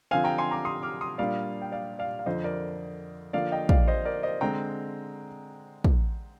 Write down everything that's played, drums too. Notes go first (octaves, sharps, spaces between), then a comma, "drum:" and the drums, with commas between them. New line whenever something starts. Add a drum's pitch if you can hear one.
D3 F3 C4 F5 G#5
G5 A#5
G#5 C6
A#5 D6
C6 D#6
D6 F6
C6 D#6
A#2 G3 A#3 D4 D5 F5
G5
D5 F5
D5 F5
F5
F2 D3 F3 C5 D#5
A#4 D5
D3 F3 A#3 D5 F5
D#5 G5
D5 F5, drum: kick
C5 D#5
A#4 D5
C5 D#5
D3 G#3 C4 G5 A#5
drum: kick